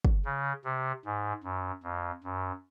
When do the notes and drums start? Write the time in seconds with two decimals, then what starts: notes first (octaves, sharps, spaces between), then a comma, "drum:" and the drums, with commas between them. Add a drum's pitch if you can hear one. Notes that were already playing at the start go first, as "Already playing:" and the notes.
0.05 drum: kick
0.25 C#3
0.65 C3
1.05 G#2
1.44 F#2
1.83 F2
2.24 F#2